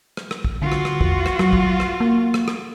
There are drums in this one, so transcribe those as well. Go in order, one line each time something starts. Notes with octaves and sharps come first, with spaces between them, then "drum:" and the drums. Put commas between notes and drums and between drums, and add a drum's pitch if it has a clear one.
drum: rim click
drum: rim click
drum: kick
D3 F4 F#4
drum: rim click
drum: rim click
E2, drum: kick
drum: rim click
F#3, drum: rim click
drum: kick
drum: rim click
A#3
drum: rim click
drum: rim click